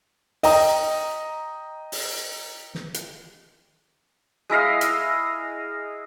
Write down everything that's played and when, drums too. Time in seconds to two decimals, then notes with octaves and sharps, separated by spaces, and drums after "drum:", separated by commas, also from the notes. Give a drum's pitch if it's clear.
0.43 D#5 G5 A#5 D#6, drum: open hi-hat
1.92 drum: open hi-hat
2.75 drum: snare
2.94 drum: hi-hat
4.50 G#3 E4 D#5 F5
4.81 drum: hi-hat